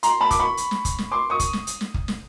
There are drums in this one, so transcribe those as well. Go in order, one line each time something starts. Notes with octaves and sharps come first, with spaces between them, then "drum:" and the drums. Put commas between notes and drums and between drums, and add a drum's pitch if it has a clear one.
A#5 C6, drum: hi-hat
A5 B5
D6, drum: kick, hi-hat
B5 C#6
drum: hi-hat
drum: snare
drum: kick, hi-hat
drum: snare
C6 D6
C#6 D#6
drum: kick, hi-hat
drum: snare
drum: hi-hat
drum: snare
drum: kick
drum: snare